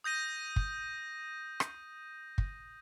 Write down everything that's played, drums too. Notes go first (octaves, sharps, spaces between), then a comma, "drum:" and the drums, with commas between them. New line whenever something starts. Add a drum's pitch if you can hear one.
D#6 G6 A#6 D#7
drum: kick
drum: rim click
drum: kick